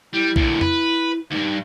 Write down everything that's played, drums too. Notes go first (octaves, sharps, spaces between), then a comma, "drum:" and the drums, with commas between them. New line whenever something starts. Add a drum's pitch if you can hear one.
G3 E4
D2 A#2, drum: kick B1
B4, drum: tom F2
D2 G2 D#4